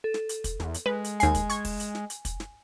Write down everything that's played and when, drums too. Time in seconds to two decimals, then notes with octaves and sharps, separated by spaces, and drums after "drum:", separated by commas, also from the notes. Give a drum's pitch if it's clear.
0.04 A4
0.14 drum: snare
0.29 drum: hi-hat
0.44 drum: kick, hi-hat
0.60 E2, drum: snare
0.74 drum: hi-hat
0.86 G#3 B4
1.04 drum: hi-hat
1.20 D#2 G#5 C7, drum: hi-hat
1.35 drum: kick, hi-hat
1.50 C#6 G#6, drum: hi-hat
1.65 drum: kick, open hi-hat
1.80 drum: hi-hat
1.95 drum: snare
2.10 drum: hi-hat
2.25 drum: kick, hi-hat
2.40 drum: snare